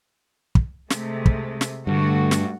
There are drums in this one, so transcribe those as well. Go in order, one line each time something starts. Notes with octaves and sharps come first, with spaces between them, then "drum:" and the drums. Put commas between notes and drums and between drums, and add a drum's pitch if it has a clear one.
drum: kick
C3 G#3 A3, drum: snare
drum: kick
drum: snare
G2 D3 A3 F#4
drum: snare